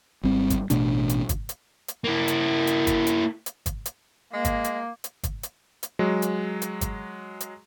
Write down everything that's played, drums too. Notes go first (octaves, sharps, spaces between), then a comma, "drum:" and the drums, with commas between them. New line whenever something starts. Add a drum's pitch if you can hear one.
G#1 G3 C4
drum: kick, hi-hat
A1 B2 A3 D4, drum: hi-hat
drum: hi-hat
drum: kick, hi-hat
drum: hi-hat
drum: hi-hat
A#3 E4
drum: hi-hat
drum: hi-hat
drum: kick, hi-hat
drum: hi-hat
drum: hi-hat
drum: kick, hi-hat
drum: hi-hat
G#3 A#3
drum: kick, hi-hat
drum: hi-hat
drum: hi-hat
drum: kick, hi-hat
drum: hi-hat
drum: hi-hat
F#3 G#3
drum: hi-hat
drum: hi-hat
drum: kick, hi-hat
drum: hi-hat